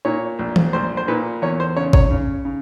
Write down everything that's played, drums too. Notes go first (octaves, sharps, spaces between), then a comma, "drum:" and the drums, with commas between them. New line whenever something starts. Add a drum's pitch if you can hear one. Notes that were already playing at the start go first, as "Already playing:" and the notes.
A#2 C#5
A#1
drum: tom E3
A#1 C5
C5
A#2 B4
E2 C#5
C5
C#3 C#5
C#5, drum: kick G1
C#3
C#3